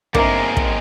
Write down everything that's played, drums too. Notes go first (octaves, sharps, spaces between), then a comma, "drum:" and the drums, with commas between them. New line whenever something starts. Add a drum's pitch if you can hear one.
G1 D#2 G#3 A#3 C4 A#4 E5, drum: kick
drum: kick